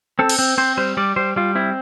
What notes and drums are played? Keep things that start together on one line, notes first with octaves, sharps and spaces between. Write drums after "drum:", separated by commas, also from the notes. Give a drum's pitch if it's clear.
C4 A4
drum: cymbal
C4
C4 C5
G3 C5
G3 D5
G3 C5
G3 F4
C4 E4